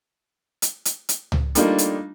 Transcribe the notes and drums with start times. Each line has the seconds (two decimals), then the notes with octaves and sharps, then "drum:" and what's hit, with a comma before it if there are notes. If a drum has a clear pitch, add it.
0.62 drum: hi-hat
0.85 drum: hi-hat
1.09 drum: hi-hat
1.32 drum: tom C#2
1.55 G3 A3 A#3 D4 D#4 F4, drum: hi-hat
1.78 drum: hi-hat